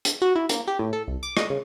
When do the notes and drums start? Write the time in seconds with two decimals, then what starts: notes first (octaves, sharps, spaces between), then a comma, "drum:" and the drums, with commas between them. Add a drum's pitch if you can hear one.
0.05 drum: hi-hat
0.22 F#4
0.35 E4
0.49 A#3, drum: hi-hat
0.67 G4
0.79 A2
0.93 A4
1.07 C2
1.23 D6
1.37 D#5, drum: rim click
1.50 C#3